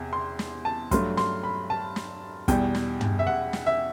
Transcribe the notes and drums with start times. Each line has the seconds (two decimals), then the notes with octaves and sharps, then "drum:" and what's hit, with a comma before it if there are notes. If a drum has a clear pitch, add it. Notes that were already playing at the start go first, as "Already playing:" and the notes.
Already playing: E2 C3
0.13 C6
0.39 drum: snare
0.65 A5
0.91 G2 F#3 A3 C6, drum: kick, hi-hat
1.17 C6, drum: snare
1.43 B5
1.70 A5
1.96 drum: snare
2.48 E2 B2 G3 G5, drum: kick, hi-hat
2.75 drum: snare
3.01 drum: tom
3.19 E5
3.27 F#5
3.53 drum: snare
3.66 E5